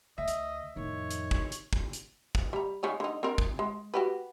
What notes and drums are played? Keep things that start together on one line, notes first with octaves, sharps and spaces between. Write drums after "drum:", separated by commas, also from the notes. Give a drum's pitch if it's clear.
D2 D#5 E5
drum: hi-hat
F2 A2 D#3 C#5
drum: hi-hat
drum: kick
drum: hi-hat
drum: kick
drum: hi-hat
drum: kick
G3 A#5
C#3 C#4 D#4
D3 D#4
C4 D4 A#4
drum: kick
G#3
F#4 G4 B4